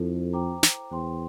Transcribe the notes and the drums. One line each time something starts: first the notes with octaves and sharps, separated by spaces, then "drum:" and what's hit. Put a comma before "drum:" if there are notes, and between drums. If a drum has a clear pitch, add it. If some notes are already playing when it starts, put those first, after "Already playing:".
Already playing: F2 E4 A4 C5
C5 G5 A#5 D6
drum: snare
E2 C5 G5 C6